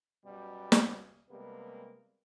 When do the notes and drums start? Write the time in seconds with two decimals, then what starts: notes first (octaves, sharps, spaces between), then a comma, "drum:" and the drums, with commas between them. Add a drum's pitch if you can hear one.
0.25 F#2 B2 G3
0.72 drum: snare
1.30 C3 G3 G#3 A#3 B3